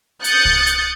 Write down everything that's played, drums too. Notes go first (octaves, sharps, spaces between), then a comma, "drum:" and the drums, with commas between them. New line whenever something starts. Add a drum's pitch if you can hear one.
D#6 F#6 G6 A6 C#7, drum: hi-hat
drum: kick C2
drum: hi-hat